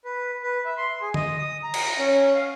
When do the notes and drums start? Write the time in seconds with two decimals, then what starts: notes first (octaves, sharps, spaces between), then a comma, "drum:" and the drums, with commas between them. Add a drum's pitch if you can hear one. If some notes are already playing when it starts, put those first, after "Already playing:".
0.05 B4
0.43 B4
0.65 E5
0.77 C6
1.01 G#4
1.14 D#5, drum: tom
1.39 D#6
1.63 A#5
1.74 drum: cymbal
1.99 C#4
2.34 F5